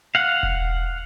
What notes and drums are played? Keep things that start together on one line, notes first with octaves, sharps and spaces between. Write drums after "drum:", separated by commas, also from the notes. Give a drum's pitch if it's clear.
F5 F#5
drum: kick E1